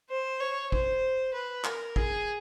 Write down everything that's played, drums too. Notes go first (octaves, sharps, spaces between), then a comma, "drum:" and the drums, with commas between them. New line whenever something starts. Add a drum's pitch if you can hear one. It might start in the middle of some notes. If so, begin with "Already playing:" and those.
C5
C#5
C5, drum: kick
B4
A#4, drum: clap
G#4, drum: kick